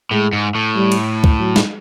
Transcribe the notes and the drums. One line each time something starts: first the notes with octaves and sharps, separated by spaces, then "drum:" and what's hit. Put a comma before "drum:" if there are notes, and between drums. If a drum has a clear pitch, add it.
A2 G#3
G#2
A2
G3
drum: cymbal
drum: kick C#2
F#3
drum: snare